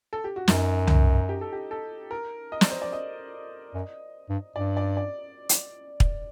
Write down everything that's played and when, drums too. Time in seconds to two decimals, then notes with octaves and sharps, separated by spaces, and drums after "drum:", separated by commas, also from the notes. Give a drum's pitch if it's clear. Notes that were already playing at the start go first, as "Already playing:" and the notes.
0.13 A4
0.24 G4
0.36 F#4
0.48 F#2 D#4, drum: snare
0.87 drum: tom
1.29 G4
1.41 A4
1.53 G4
1.71 A4
2.11 A#4
2.52 D#5
2.61 D5, drum: snare
2.71 C5
2.82 D5
2.93 D#5
3.74 F#2
4.29 G2
4.56 G2 D5
4.77 D5
4.97 D5
5.49 drum: hi-hat
6.00 drum: kick